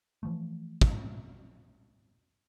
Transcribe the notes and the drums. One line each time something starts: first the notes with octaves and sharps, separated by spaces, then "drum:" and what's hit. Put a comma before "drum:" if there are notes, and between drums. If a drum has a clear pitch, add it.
E3 F3 A3
drum: kick